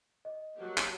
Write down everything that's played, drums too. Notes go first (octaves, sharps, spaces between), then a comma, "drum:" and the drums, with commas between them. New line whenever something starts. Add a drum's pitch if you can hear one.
D#5
F#3 A#3 G4
drum: clap